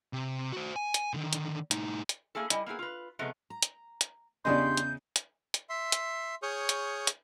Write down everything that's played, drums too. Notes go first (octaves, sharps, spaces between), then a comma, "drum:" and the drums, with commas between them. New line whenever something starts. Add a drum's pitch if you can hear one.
C3
F#4 C5
G#5
drum: hi-hat
D3 D#3
drum: hi-hat
A2 D#4, drum: hi-hat
drum: hi-hat
A3 A#3 E4 G#4 A4
G3 E4 D#5 G#5, drum: hi-hat
A#3 B3 E4 G#4
F4 B4
C3 F3 G#3 A3 B3
A#5
drum: hi-hat
drum: hi-hat
E2 C#3 D4 G4 D5 D#5 C6 G6
drum: hi-hat
drum: hi-hat
drum: hi-hat
E5 C6
drum: hi-hat
G#4 C#5 C#6 D#6 F6 G6
drum: hi-hat
drum: hi-hat